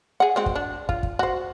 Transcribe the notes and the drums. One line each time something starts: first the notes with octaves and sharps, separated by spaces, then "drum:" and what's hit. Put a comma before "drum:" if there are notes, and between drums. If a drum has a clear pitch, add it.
G#4 F#5
G#3 C4 F#4
drum: kick
D4
F4, drum: kick
drum: kick
F#4 C5